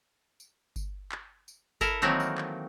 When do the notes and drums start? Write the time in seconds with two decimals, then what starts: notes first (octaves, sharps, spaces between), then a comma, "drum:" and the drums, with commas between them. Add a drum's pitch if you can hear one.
0.40 drum: tambourine
0.76 drum: kick G1, tambourine
1.12 drum: clap
1.48 drum: tambourine
1.81 E4 A4 A#4, drum: kick G1, tambourine
2.02 D#3 E3 F#3 A3 A#3 C4
2.20 drum: tambourine
2.38 drum: clap